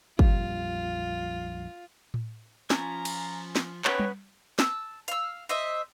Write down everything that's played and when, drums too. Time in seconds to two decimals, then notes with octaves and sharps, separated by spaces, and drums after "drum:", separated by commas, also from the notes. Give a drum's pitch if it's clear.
0.19 A#1 F2 G3 F4, drum: kick
2.14 drum: tom A2
2.70 F3 C#4 F4 G#5 A#5 B5, drum: snare
3.05 drum: cymbal
3.56 drum: snare
3.85 B3 C#4 D#4 G4 A#4 B4 C#5, drum: clap
4.00 drum: tom G3
4.59 A5 E6, drum: snare
5.08 F5 E6, drum: hi-hat
5.49 C5 D#5 E5